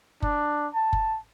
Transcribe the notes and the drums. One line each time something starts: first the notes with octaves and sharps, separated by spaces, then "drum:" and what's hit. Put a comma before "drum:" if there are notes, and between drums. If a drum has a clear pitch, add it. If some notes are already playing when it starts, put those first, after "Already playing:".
D4, drum: kick F#1
A5
drum: kick F#1